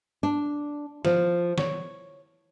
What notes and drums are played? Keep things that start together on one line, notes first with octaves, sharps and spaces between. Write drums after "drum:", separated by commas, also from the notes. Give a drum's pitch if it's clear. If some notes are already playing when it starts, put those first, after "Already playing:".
D4
F3, drum: snare
C#5, drum: snare